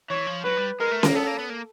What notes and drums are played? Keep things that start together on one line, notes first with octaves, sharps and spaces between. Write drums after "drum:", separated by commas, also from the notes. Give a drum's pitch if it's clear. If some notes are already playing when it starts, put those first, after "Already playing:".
E3 C#5
F3
F#3 B4
G3
G#3 A#4
A3
A#3, drum: snare C#4
B3 A4
A#3
B3
A#3